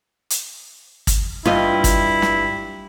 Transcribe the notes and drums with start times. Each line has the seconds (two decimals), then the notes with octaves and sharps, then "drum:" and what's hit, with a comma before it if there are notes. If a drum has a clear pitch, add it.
0.30 drum: hi-hat
1.07 drum: kick, hi-hat
1.46 G2 E4 F4 D#5
1.84 drum: kick, hi-hat
2.22 drum: snare